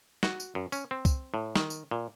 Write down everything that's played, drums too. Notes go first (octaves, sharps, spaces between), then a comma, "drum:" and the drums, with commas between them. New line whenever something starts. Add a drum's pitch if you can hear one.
F#4, drum: snare
drum: tambourine
F#2
C#4, drum: tambourine
C4
drum: kick, tambourine
A2
D#3, drum: snare
drum: tambourine
A#2